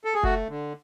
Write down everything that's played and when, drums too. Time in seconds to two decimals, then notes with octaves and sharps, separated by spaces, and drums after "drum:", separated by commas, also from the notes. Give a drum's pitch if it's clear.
0.05 A4
0.14 G#4
0.23 A3 F#4, drum: kick F1
0.49 D3